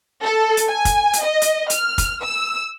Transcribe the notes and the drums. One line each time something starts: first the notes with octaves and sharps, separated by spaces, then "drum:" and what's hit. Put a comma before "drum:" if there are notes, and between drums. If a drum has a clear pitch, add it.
A4
drum: hi-hat
G#5
drum: kick, hi-hat
drum: hi-hat
D#5
drum: hi-hat
F6, drum: hi-hat
drum: kick, hi-hat
E6